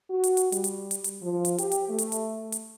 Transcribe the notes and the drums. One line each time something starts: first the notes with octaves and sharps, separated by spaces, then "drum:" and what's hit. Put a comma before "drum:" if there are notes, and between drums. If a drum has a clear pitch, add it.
F#4
drum: hi-hat
drum: hi-hat
G3, drum: hi-hat
drum: hi-hat
drum: hi-hat
drum: hi-hat
F3
drum: hi-hat
G4, drum: hi-hat
drum: hi-hat
A3
drum: hi-hat
drum: hi-hat
drum: hi-hat